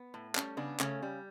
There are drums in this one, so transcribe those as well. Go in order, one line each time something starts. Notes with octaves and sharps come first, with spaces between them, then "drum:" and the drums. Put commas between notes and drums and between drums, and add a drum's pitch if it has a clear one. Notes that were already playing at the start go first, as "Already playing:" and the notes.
Already playing: B3
A2
G3 A3 C#4, drum: clap
C#3 B3 D4
C#3 A3 C#4, drum: clap
G3